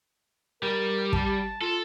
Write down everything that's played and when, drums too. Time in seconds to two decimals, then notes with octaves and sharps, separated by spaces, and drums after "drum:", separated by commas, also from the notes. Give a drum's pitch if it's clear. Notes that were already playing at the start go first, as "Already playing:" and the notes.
0.63 G3 A#4
1.13 A5, drum: kick
1.61 F4 A4